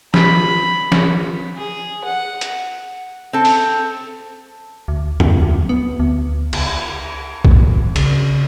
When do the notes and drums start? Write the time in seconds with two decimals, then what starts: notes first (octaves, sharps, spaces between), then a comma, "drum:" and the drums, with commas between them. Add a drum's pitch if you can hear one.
0.14 B5, drum: snare
0.92 drum: snare
1.57 G#4
2.04 F#5
2.41 drum: hi-hat
3.33 C4 A4
3.45 drum: open hi-hat
4.88 D2
5.20 F2, drum: tom F2
5.42 D2
5.69 B3
6.00 D2
6.53 C#2, drum: cymbal
7.45 drum: kick
7.96 C#3, drum: cymbal